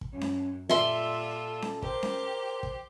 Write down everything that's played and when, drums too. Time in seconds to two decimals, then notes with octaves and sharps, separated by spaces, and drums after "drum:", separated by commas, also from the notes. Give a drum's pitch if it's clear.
0.01 drum: kick
0.12 F#2 C#4
0.21 drum: snare C#4
0.69 A#2 G3 F4 A4 E5 C6 E6
1.62 drum: snare C#4
1.82 G4 A#4 C5, drum: kick
2.03 drum: snare C#4
2.63 drum: kick